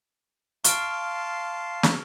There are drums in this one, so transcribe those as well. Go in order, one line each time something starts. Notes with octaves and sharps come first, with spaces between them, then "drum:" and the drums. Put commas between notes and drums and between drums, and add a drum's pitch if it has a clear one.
F5 A5 C6 C#6 F6 D7, drum: hi-hat
drum: snare